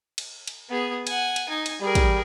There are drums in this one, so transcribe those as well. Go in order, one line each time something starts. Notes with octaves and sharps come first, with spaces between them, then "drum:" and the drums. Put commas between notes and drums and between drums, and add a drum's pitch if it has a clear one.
drum: cymbal
drum: cymbal
B3 G#4
F#5 G#5, drum: cymbal
drum: cymbal
D#4 G#5
drum: cymbal
G3 G#4 A#4
drum: kick, cymbal